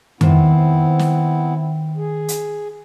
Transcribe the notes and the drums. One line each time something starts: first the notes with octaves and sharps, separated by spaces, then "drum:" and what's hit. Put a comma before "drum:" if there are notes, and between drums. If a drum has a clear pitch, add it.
D#3 B3 C4 E4 C5, drum: tom F2
drum: snare
G#4
drum: hi-hat